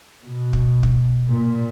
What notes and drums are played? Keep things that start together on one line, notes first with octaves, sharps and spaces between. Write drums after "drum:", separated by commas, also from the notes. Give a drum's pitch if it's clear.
B2
drum: kick
drum: kick
A#2